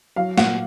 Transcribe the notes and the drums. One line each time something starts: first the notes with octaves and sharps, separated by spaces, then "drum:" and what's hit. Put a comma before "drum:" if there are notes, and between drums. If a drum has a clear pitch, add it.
F#3 F5
A#2 F#5, drum: snare